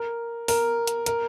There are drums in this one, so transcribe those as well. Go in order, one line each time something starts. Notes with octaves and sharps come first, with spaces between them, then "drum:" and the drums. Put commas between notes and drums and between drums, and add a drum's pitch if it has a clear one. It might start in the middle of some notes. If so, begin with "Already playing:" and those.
Already playing: A#4
A#4, drum: open hi-hat
drum: hi-hat
A#4, drum: hi-hat